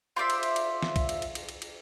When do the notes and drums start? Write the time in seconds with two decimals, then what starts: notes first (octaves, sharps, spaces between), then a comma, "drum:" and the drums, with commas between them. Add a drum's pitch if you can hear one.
0.16 F4 C5 D5 E5
0.30 drum: cymbal
0.43 drum: cymbal
0.56 drum: cymbal
0.83 drum: snare
0.96 drum: kick, cymbal
1.09 drum: cymbal
1.22 drum: cymbal
1.35 drum: cymbal
1.49 drum: cymbal
1.62 drum: cymbal